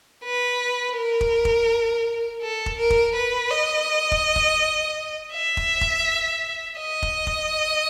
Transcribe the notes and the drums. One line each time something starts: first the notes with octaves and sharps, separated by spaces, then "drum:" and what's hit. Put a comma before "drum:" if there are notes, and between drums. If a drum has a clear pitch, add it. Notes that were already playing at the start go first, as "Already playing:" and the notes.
B4
A#4
drum: kick F1
drum: kick F1
A4
drum: kick F1
A#4
drum: kick F1
B4
D#5
drum: kick F1
drum: kick F1
E5
drum: kick F1
drum: kick F1
D#5
drum: kick F1
drum: kick F1